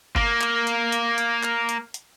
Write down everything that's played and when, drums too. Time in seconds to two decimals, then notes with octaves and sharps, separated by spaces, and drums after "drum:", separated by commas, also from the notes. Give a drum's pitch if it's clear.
0.16 A#3, drum: kick G1
0.41 drum: clap
0.67 drum: hi-hat
0.92 drum: hi-hat
1.18 drum: hi-hat
1.43 drum: clap
1.69 drum: hi-hat
1.94 drum: hi-hat